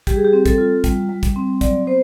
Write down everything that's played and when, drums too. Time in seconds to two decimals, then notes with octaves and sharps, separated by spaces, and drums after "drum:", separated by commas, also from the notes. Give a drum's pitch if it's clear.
0.07 G3 G4, drum: kick, hi-hat
0.16 G#4
0.24 G4
0.33 C4
0.46 A4, drum: kick, hi-hat
0.58 F4
0.84 G3, drum: kick, hi-hat
1.09 G3
1.23 drum: kick, hi-hat
1.36 C4
1.61 F#3 D5, drum: kick, hi-hat
1.87 B3 C5